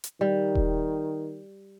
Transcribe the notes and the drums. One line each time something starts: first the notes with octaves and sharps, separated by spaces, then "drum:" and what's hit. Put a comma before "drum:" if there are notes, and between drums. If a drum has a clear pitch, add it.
drum: hi-hat
D#3 G3
drum: kick D#1